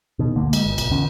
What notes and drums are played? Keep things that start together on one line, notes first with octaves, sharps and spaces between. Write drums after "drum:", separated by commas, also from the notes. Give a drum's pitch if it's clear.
B2 D#3
G1 D2 D3 A#3
G#3, drum: cymbal
G1
B1, drum: cymbal
E2 D3 C#4